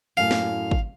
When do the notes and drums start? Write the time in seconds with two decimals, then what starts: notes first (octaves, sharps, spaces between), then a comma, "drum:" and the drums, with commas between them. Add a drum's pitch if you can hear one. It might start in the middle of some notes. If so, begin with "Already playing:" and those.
0.17 F#2 A2 F5
0.31 drum: snare
0.71 drum: kick